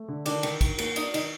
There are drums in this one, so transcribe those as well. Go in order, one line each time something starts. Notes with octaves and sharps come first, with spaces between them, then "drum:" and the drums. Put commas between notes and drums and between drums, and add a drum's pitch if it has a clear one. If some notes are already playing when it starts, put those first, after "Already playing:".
Already playing: A3
D3
D#3 D4, drum: cymbal
D#3, drum: cymbal
D#3, drum: kick, cymbal
A#3, drum: cymbal
D4 D#4, drum: cymbal
D#3 D#4, drum: cymbal